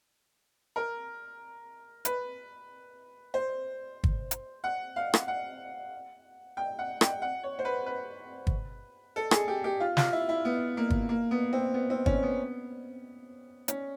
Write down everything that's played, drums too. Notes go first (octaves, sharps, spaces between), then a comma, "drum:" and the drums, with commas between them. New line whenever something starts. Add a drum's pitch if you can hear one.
A#4
B4, drum: hi-hat
C5
drum: kick G1
drum: hi-hat
F#5
F5
drum: rim click
F#5
G5
F#5
G5, drum: rim click
F#5
C#5
C5
B4
B4
drum: kick G1
A4
G#4, drum: rim click
G4
G4
F4
F4, drum: snare
E4
E4
B3
A#3
drum: kick G1
A#3
B3
C4
B3
C4
C#4, drum: kick G1
B3
C#4, drum: hi-hat